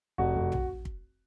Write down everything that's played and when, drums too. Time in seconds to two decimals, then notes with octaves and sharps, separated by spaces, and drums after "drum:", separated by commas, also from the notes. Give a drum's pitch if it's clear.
0.18 F1 F#4
0.36 F1
0.52 drum: tom
0.85 drum: kick